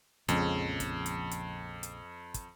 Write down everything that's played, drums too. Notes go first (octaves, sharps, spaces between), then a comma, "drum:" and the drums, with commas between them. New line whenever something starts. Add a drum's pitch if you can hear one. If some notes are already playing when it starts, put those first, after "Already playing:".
A#1 F2 C#3 G#3, drum: hi-hat
drum: kick, hi-hat
drum: hi-hat
drum: hi-hat
drum: hi-hat
drum: kick, hi-hat